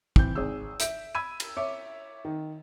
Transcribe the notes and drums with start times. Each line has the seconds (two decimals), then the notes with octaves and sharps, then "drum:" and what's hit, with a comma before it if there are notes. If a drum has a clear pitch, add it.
0.16 E3 C4 G6, drum: kick
0.35 G#1 G#4 E6
0.80 E5 G6 D7, drum: hi-hat
1.15 B5 E6 G#6 D#7
1.40 drum: cymbal
1.57 C#5 E5 D6
2.25 D#3